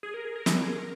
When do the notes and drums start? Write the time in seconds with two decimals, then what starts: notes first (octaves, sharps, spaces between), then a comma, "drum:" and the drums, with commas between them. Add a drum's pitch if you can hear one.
0.03 G#4
0.14 A#4
0.25 G#4
0.36 A#4
0.46 G#4, drum: snare
0.57 A#4
0.67 G#4
0.78 A#4